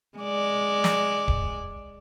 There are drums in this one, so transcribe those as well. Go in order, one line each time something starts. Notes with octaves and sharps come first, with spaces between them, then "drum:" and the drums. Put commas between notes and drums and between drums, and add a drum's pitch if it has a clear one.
G#3 D5
drum: snare
drum: kick